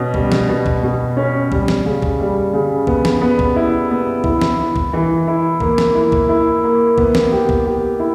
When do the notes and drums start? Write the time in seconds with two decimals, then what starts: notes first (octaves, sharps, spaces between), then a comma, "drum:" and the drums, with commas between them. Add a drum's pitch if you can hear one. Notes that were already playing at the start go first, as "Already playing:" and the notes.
Already playing: B2 C#4
0.14 G3, drum: kick
0.32 drum: snare
0.49 B2
0.66 drum: kick
0.83 B2
1.17 C#4
1.52 G3, drum: kick
1.68 drum: snare
1.85 C#3
2.02 drum: kick
2.20 G3
2.53 C#3
2.87 B3, drum: kick
3.05 drum: snare
3.21 B3
3.39 drum: kick
3.56 E4
3.91 B3
4.24 E4, drum: kick
4.41 drum: snare
4.58 E4
4.76 drum: kick
4.93 E3
5.27 E4
5.60 A#3, drum: kick
5.78 drum: snare
5.95 E4
6.12 drum: kick
6.29 E4
6.64 A#3
6.98 B3, drum: kick
7.15 drum: snare
7.31 G4
7.49 drum: kick
7.66 G4
8.00 E4